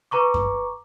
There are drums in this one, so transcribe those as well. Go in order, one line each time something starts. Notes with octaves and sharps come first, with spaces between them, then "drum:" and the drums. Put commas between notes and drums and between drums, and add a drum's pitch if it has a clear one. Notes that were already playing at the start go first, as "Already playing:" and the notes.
B4 A#5 C#6 D6
drum: kick F#2